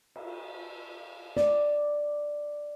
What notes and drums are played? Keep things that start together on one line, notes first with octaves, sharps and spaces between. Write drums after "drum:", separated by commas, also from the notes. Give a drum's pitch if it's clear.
drum: cymbal
D5, drum: snare